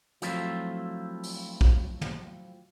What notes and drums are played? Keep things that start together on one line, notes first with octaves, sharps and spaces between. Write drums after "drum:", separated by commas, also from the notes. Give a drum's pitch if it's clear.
F3 F#3 A3 C4 E4 F4, drum: hi-hat
drum: open hi-hat
drum: kick A#1
drum: tom